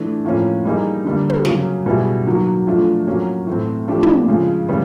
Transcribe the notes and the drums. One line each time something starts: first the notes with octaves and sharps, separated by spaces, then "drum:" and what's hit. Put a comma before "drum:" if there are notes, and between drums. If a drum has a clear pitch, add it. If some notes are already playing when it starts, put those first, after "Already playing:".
Already playing: E3 A3 D4
A2 F3 A#3 C#4
E3 G3 A#3 D#4 G#4
D3 G3 A#3
drum: tom
C#3 F#3 A#3 C#4, drum: snare
B2 G3 B3 E4 G#4
D#3 F#3 A#3
A#2 F3 A3 D4
F#3 A#3 C#4 F#4
A2 E3 A3 C4
F3 A3 D4 G4
drum: tom
C#3 F3 G#3
C#3 E3 G3 B3